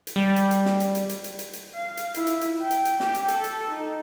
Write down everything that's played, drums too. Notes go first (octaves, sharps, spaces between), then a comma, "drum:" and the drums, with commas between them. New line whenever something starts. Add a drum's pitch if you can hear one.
drum: hi-hat
G3
drum: hi-hat
drum: hi-hat
drum: snare
drum: hi-hat
drum: hi-hat
drum: hi-hat
drum: hi-hat
drum: hi-hat
drum: hi-hat
F5
drum: hi-hat
E4, drum: hi-hat
drum: hi-hat
drum: hi-hat
G5
drum: hi-hat
drum: hi-hat
G4, drum: snare
drum: hi-hat
A4, drum: hi-hat
drum: hi-hat
D#4